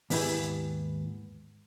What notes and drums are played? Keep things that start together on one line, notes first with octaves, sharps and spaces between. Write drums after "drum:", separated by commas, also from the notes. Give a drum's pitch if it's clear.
D#2 G#2 B3 E4 G4 G#5, drum: open hi-hat